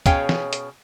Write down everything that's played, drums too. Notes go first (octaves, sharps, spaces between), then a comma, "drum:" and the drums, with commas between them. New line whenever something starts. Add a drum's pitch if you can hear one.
B2 C#4 G#4 C#5 F5 G5, drum: kick, hi-hat
drum: snare
drum: hi-hat